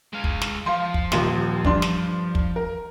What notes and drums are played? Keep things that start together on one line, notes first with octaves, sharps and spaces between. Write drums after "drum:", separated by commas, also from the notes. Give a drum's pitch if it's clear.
G#3 F5
drum: kick
drum: snare
F3 F5 C6
drum: kick
D#1 D#2 C6, drum: snare
G2 D4 C6, drum: kick
drum: snare
drum: kick
A#4